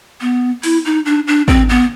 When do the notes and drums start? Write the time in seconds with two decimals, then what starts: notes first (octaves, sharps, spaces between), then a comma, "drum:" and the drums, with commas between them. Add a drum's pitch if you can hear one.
0.21 B3
0.63 E4, drum: open hi-hat
0.85 D#4
1.06 D4
1.27 D4
1.48 C4, drum: kick
1.69 B3